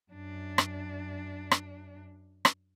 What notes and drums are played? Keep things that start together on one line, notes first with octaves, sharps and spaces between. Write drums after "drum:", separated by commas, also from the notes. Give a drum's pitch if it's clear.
F#2 D4
drum: rim click
drum: rim click
drum: rim click